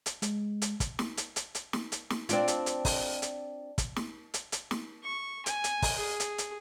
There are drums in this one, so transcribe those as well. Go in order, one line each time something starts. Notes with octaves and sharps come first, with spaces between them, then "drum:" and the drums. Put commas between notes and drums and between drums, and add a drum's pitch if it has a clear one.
drum: hi-hat
G#3, drum: hi-hat
drum: hi-hat
drum: kick, hi-hat
drum: snare
drum: hi-hat
drum: hi-hat
drum: hi-hat
drum: snare
drum: hi-hat
drum: snare
C4 D4 F4, drum: hi-hat
drum: hi-hat
drum: hi-hat
drum: kick, open hi-hat
drum: hi-hat
drum: kick, hi-hat
drum: snare
drum: hi-hat
drum: hi-hat
drum: snare
C#6
G#5, drum: hi-hat
drum: hi-hat
drum: kick, open hi-hat
G#4
drum: hi-hat
drum: hi-hat